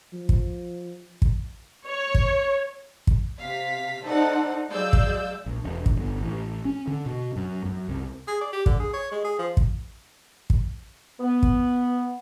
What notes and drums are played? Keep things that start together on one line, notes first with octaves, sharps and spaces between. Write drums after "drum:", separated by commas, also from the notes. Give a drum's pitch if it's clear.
F3
drum: kick
drum: kick
C#5
drum: kick
drum: kick
C3 F5 B6
D#4 A4 C5 D5 F#5
F#3 G#3 D5 F5 E6 G6
drum: kick
A#1
E1
drum: kick
G1
A1
C#4
D3
B2
F#2
F#2
C2
G#4
D5
G4
D3, drum: kick
G#4
C#5
G#3
G#4
F3
drum: kick
drum: kick
B3
drum: kick